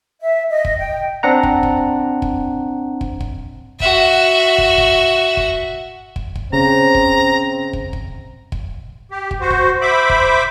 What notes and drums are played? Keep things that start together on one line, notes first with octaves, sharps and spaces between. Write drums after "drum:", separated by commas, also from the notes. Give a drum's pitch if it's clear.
E5
D#5
drum: kick
G5
C4 D4 F#5 A#5
drum: kick
drum: kick
drum: kick
drum: kick
drum: kick
F#4 E5, drum: kick
drum: kick
drum: kick
drum: kick
drum: kick
drum: kick
C#3 C4 A#5
drum: kick
drum: kick
drum: kick
drum: kick
G4
drum: kick
F#4 C5
drum: kick
C5 E5 B5 D6
drum: kick